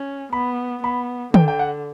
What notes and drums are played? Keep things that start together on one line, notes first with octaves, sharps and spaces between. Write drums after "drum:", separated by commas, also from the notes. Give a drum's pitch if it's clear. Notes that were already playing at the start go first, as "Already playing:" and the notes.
Already playing: C#4
B3 B5
B3 B5
D3 G5, drum: tom
G5
F#5